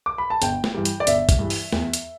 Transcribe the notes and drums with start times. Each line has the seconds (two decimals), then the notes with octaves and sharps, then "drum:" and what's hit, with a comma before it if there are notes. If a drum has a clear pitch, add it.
0.06 D6
0.18 B5
0.30 A5
0.42 G1 G5, drum: hi-hat
0.64 drum: snare
0.74 G2 E3 G3
0.85 drum: hi-hat
1.00 D5
1.07 G1 E5, drum: hi-hat
1.29 drum: kick, hi-hat
1.39 G2 E3 G3
1.50 drum: open hi-hat
1.72 E2, drum: snare
1.93 drum: hi-hat